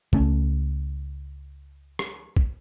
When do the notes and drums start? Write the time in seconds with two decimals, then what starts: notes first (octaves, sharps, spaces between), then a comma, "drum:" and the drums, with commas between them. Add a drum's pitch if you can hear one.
0.13 C#2 A3 C#4, drum: kick
1.99 drum: rim click
2.37 drum: kick